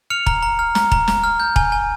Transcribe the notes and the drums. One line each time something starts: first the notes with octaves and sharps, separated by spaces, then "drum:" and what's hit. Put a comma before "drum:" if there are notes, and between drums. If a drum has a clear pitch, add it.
F6 C#7 F7
A#5, drum: kick
A#5
F6
A#5, drum: snare
A#5, drum: kick
A#5, drum: snare
F6
G6
G#5, drum: kick
G#5